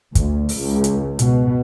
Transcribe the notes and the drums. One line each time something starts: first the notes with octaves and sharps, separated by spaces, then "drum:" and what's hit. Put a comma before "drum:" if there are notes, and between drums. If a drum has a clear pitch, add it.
D2, drum: kick, hi-hat
drum: open hi-hat
C#2
drum: hi-hat
B2, drum: hi-hat